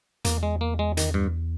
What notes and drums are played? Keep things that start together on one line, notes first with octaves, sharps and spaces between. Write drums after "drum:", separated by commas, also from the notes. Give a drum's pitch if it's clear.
E2 A#3, drum: hi-hat
G#3
A#3
G#3
D#3, drum: hi-hat
G2